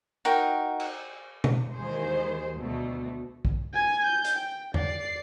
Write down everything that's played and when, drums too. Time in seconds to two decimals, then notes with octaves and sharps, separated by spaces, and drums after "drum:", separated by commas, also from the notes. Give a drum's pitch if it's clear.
0.25 D#4 F#4 A#4 G5
0.80 drum: cymbal
1.44 drum: tom B2
1.74 D#2 D#3 E3 G#3 G#4 C5
2.55 D2 B2 A3
3.45 drum: kick
3.74 G#5 G#6
4.05 G6
4.24 drum: hi-hat
4.34 G5
4.74 D5 C7, drum: tom E2